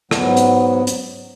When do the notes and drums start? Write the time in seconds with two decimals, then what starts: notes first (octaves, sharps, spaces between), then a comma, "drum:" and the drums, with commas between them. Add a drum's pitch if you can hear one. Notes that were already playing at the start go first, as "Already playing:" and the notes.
0.11 G#2 F#3 B3, drum: rim click
0.37 drum: hi-hat
0.87 drum: hi-hat